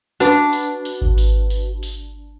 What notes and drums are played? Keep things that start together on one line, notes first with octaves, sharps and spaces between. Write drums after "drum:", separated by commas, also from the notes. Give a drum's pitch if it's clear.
D4 F#4 B4, drum: tambourine
drum: tambourine
drum: tambourine
drum: kick G#1
drum: tambourine
drum: tambourine
drum: tambourine